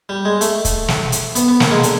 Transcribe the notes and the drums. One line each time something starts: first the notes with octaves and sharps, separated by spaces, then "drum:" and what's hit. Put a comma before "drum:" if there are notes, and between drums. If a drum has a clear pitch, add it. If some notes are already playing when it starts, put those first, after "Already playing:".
G3
G#3
A3, drum: hi-hat
drum: kick, hi-hat
drum: snare
drum: hi-hat
B3, drum: hi-hat
B3
A#3, drum: snare
G#3
D3, drum: hi-hat